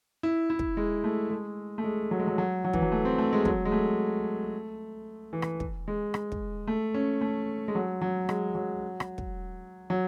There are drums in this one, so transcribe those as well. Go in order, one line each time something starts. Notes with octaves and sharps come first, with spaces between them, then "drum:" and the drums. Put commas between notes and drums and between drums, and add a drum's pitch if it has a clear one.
E4
E4
drum: kick
G#3
A3
G#3
A3
G#3
F#3
G#3
F#3
F#3
F#3
E3, drum: kick
F#3
A3
C4
A3
G#3
F#3, drum: kick
G#3
A3
E3
drum: rim click
drum: kick
G#3
drum: rim click
drum: kick
A3
C#4
A3
G#3
F#3
F#3
G#3, drum: rim click
F#3
drum: rim click
drum: kick
F#3